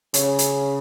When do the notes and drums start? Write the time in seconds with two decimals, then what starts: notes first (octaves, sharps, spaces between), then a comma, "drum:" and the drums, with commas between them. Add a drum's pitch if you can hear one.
0.14 C#3, drum: hi-hat
0.39 drum: hi-hat